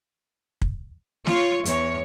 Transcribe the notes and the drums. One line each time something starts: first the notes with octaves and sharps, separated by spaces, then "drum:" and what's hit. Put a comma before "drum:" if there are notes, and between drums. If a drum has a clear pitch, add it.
drum: kick
F4 C#5, drum: snare
E2 C#5, drum: hi-hat